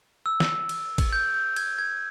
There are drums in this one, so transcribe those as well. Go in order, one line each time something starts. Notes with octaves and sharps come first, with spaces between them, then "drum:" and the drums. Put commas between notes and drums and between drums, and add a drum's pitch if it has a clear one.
E6
drum: snare
drum: cymbal
drum: kick, cymbal
G6
G6
G#6, drum: cymbal
G#6